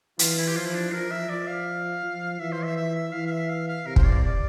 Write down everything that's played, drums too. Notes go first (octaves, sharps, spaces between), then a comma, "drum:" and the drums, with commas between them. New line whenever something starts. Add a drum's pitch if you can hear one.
E3 F4, drum: hi-hat
E4
G4
F3 F4
E4
D4
F3 A#4
E5
F3 D5
F5
F3
E3 E5
C5
E5
E5
E5
E3 F5
F5
E5
F5
F5
C3 A#4
C5, drum: kick
D5
D5